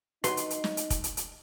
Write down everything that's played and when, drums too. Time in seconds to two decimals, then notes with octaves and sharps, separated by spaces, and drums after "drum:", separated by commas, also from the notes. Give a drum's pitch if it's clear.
0.24 F#3 D#4 B4 C6, drum: hi-hat
0.37 drum: hi-hat
0.50 drum: hi-hat
0.64 drum: snare
0.77 drum: hi-hat
0.90 drum: kick, hi-hat
1.04 drum: hi-hat
1.17 drum: hi-hat